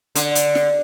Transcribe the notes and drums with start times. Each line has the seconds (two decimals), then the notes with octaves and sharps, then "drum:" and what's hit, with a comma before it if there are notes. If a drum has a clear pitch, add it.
0.15 D3, drum: hi-hat
0.35 drum: hi-hat
0.55 drum: snare